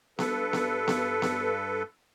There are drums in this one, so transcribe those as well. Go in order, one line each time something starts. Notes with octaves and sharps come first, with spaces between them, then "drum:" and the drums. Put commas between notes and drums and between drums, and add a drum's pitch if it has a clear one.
G2 A4 B4, drum: snare B3
drum: snare B3
drum: snare B3
drum: snare B3